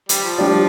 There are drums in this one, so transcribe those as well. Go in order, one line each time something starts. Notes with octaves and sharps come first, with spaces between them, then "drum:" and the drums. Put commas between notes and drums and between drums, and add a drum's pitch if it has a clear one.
G3, drum: hi-hat
F3
G3 D4 G4 D5